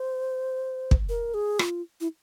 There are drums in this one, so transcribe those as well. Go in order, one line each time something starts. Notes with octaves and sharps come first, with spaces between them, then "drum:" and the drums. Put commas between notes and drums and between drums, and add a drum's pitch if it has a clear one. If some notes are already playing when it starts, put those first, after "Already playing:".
Already playing: C5
drum: kick
A#4
G#4
F4, drum: rim click
E4